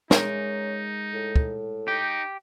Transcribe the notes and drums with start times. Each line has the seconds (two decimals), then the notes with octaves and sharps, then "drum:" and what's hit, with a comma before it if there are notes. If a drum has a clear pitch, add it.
0.11 G#3 C#4 D#4 A#4 E5, drum: snare
1.14 A2
1.36 drum: kick
1.88 D#4 G4